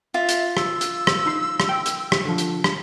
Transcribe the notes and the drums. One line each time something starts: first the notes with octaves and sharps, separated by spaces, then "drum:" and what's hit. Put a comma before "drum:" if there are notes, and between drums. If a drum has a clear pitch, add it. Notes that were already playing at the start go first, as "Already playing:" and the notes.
F4 E5
drum: hi-hat
E6, drum: rim click
drum: hi-hat
drum: rim click
D#4 C6
drum: rim click
G5
drum: hi-hat
drum: rim click
D3 F3
drum: hi-hat
drum: rim click